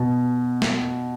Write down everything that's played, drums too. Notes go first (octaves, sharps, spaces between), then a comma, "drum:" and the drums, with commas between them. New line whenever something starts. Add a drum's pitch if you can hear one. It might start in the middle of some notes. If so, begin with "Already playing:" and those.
Already playing: B2
drum: snare